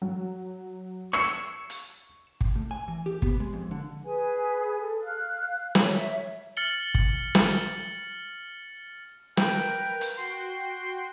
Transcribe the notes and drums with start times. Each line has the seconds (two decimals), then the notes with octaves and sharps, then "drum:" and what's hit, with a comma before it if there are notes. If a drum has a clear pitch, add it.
0.02 F#3
1.13 C#6 E6 G#6 C7 C#7, drum: rim click
1.70 drum: hi-hat
2.41 drum: kick
2.56 A2
2.71 G#5
2.88 E3
3.06 G4
3.22 B3, drum: kick
3.40 G#3
3.53 F2
3.71 D3
4.05 G#4 B4 G#5
4.80 A4
5.02 F5 F6 F#6
5.75 C#5 E5, drum: snare
6.57 F6 A6 C#7 F#7 G7
6.95 drum: kick
7.35 drum: snare
9.37 A#4 B4 G5, drum: snare
10.01 drum: hi-hat
10.18 F#4 G5 C6